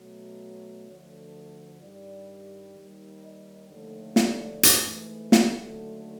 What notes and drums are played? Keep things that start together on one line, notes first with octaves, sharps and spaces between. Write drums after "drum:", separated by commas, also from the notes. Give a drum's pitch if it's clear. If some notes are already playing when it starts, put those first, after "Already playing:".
Already playing: B2 F#3 A3
D2 D3 F3 A3 C#5
G2 D#3 G3 D5
D#2 D#3 G3
D#5
D#2 D3 F3 A3
D5, drum: snare
G#2 E3 A3, drum: hi-hat
drum: snare
D#2 D3 F#3 A3